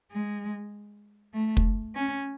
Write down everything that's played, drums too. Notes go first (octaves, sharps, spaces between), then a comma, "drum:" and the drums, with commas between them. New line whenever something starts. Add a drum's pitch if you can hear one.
G#3
A3
drum: kick
C#4